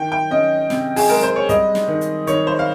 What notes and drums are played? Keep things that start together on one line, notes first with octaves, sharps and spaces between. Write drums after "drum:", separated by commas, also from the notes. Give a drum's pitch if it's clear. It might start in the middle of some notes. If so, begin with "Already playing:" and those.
Already playing: D#3 G5
G5
C#4 D#5
C3, drum: snare
G#4, drum: open hi-hat
G#3 A#4
C5
C#5
G3 D#5, drum: kick, hi-hat
drum: snare
D#3
drum: hi-hat
D#3 C#5, drum: hi-hat
C5
F5